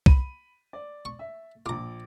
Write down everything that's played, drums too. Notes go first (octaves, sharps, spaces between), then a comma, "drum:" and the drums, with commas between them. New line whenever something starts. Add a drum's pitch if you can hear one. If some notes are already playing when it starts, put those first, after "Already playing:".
B5 D#7, drum: kick C2
D5
C#6
E5
A#1 F4 A#5 D6